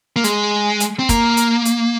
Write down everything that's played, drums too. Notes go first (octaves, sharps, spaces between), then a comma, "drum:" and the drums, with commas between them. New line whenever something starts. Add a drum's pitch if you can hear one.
A#3
G#3, drum: hi-hat
drum: hi-hat
C4
A#3, drum: kick, hi-hat
drum: hi-hat
drum: hi-hat